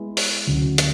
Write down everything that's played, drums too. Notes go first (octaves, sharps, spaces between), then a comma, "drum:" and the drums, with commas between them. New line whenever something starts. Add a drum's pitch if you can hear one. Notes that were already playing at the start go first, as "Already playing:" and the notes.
Already playing: G#3 B3 E4
drum: open hi-hat
D2 C#3 F#3
drum: hi-hat